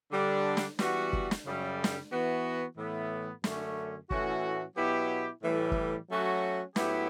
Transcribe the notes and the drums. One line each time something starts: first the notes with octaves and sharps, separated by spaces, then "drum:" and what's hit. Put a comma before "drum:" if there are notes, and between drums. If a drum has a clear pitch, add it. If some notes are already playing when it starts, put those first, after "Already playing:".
D3 G3 D4
drum: snare
E3 G3 B3 F#4, drum: snare
drum: kick
drum: snare
F#2 C#3 G3
drum: snare
E3 B3 F#4
A2 E3 B3
F#2 D3 A3 C#4, drum: snare
A2 E3 A3 C#4 F#4, drum: kick
B2 F#3 B3 E4 G4
A2 E3 G3
drum: kick
F#3 A3 C#4 F#4
A2 F#3 B3 E4 G4, drum: snare